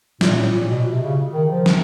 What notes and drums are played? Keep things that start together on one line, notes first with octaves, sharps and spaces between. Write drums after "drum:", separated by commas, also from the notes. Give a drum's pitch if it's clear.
A#2, drum: snare
A2
A#2
B2
C3
C#3
D#3
F3
drum: snare